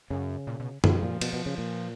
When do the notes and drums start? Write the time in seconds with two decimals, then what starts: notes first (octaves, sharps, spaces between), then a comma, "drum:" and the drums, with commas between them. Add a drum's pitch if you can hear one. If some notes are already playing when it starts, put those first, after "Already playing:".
0.10 F#2 C#3
0.47 A#2
0.60 B2
0.84 B2 F3, drum: tom F#2
1.03 A#2
1.21 B2, drum: cymbal
1.33 B2
1.46 C#3
1.58 A#2